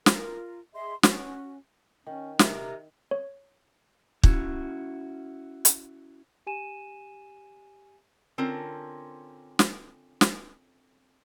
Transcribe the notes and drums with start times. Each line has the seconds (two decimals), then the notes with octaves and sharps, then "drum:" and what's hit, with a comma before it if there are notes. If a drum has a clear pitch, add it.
0.06 F4 A#4, drum: snare
0.74 G#4 D#5 E5 C6
1.03 C#4 F#4, drum: snare
2.06 D#3 C#4
2.39 G4 A#4 E5, drum: snare
3.11 C#5
4.23 C#4 E4 F#4, drum: kick
5.65 drum: hi-hat
6.47 G4 G#5 D#7 E7
8.38 D3 C4 C#4 F4 A#4
9.59 drum: snare
10.21 drum: snare